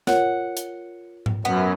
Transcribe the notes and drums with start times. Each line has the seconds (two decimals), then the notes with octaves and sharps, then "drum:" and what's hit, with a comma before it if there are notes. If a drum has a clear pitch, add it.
0.07 F4 A#4 C#5 F#5, drum: snare
0.57 drum: hi-hat
1.26 drum: tom G#2
1.45 F#2 B3